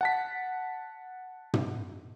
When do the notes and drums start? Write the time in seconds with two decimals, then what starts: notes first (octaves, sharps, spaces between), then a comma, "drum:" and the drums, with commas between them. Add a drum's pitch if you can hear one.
0.01 F#5 A5 B6
1.54 drum: tom